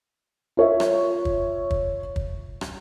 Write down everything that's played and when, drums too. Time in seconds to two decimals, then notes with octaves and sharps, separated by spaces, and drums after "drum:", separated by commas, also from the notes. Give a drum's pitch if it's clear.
0.57 F4 C#5 E5
0.80 drum: rim click
1.25 drum: kick
1.71 drum: kick
2.16 drum: kick
2.61 drum: rim click